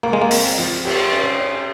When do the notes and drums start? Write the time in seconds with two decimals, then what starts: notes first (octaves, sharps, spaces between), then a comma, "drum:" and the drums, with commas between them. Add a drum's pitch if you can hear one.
0.03 C#2 A#3
0.13 G#3
0.22 A#3
0.31 C4, drum: open hi-hat
0.58 F3
0.85 G4, drum: cymbal
1.13 C#4
1.40 C#4